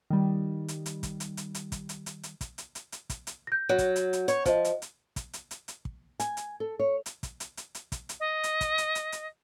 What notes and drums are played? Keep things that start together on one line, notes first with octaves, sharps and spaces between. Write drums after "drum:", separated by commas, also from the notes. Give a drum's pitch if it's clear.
D#3 G3
drum: hi-hat
drum: hi-hat
drum: kick, hi-hat
drum: hi-hat
drum: hi-hat
drum: hi-hat
drum: kick, hi-hat
drum: hi-hat
drum: hi-hat
drum: hi-hat
drum: kick, hi-hat
drum: hi-hat
drum: hi-hat
drum: hi-hat
drum: kick, hi-hat
drum: hi-hat
G6 A#6
F#3
drum: kick, hi-hat
drum: hi-hat
drum: hi-hat
C#5, drum: hi-hat
F3 C5 D#5, drum: kick, hi-hat
drum: hi-hat
drum: hi-hat
drum: kick, hi-hat
drum: hi-hat
drum: hi-hat
drum: hi-hat
drum: kick
G#5, drum: hi-hat
drum: hi-hat
A4
C#5
drum: hi-hat
drum: kick, hi-hat
drum: hi-hat
drum: hi-hat
drum: hi-hat
drum: kick, hi-hat
drum: hi-hat
D#5
drum: hi-hat
drum: kick, hi-hat
drum: hi-hat
drum: hi-hat
drum: hi-hat